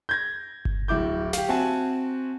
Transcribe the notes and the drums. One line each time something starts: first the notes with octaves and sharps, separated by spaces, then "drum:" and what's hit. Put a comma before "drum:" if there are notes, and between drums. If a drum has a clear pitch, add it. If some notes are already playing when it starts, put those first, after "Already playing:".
G6 G#6 A#6
drum: kick G1
D1 E4 D6 G6
G4 F5, drum: snare
C4 F#4 E5 F#5 G#5 A5